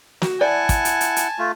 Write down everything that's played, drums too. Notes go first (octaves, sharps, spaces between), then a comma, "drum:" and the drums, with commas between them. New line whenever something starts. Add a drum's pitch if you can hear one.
F#4, drum: snare
E4 D5 F#5 G#5 A5
drum: kick, hi-hat
drum: hi-hat
drum: hi-hat
drum: hi-hat
A3 F4